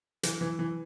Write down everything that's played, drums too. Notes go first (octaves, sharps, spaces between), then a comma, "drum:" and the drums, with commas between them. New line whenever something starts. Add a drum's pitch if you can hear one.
E3, drum: hi-hat
E3
E3